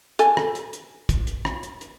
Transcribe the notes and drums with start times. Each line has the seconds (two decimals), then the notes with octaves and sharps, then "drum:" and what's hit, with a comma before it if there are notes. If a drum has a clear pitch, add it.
0.19 A4 G#5, drum: hi-hat
0.37 drum: rim click
0.55 drum: hi-hat
0.73 drum: hi-hat
1.09 drum: kick, hi-hat
1.27 drum: hi-hat
1.45 drum: rim click
1.63 drum: hi-hat
1.81 drum: hi-hat